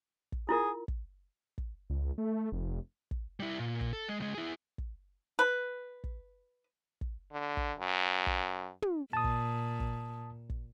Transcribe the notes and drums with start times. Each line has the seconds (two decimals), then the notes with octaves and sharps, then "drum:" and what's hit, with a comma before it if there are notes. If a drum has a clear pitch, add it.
0.32 drum: kick
0.49 E4 F4 G#4 A#4
0.88 drum: kick
1.58 drum: kick
1.90 C#2
2.18 A3
2.52 F1
3.11 drum: kick
3.40 G3 E4
3.59 A#2
3.81 drum: kick
3.93 A4
4.09 G#3
4.20 C#2 G#3
4.34 E4 G#4
4.78 drum: kick
5.39 B4
6.04 drum: kick
7.01 drum: kick
7.32 D3
7.57 drum: kick
7.79 F#2
8.27 drum: kick
8.82 drum: tom
9.13 A#2 A5 D#6
9.24 drum: kick
9.80 drum: kick
10.50 drum: kick